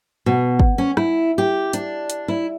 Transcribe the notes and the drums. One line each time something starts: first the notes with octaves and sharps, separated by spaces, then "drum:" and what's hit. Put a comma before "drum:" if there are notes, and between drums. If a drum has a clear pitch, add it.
B2
drum: kick
C#4
E4, drum: rim click
G4
D4, drum: hi-hat
drum: hi-hat
E4